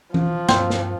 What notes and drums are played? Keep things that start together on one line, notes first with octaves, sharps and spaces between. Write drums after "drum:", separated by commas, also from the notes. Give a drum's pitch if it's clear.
E3 F3, drum: tom E3
G2 C4, drum: snare
drum: snare